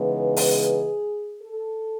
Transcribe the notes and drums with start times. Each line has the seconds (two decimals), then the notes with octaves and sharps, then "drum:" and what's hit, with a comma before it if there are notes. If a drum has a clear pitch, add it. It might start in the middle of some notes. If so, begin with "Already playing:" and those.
Already playing: C#3 E3 G#3 B3 D#4
0.13 G#4
0.36 drum: open hi-hat
1.41 A4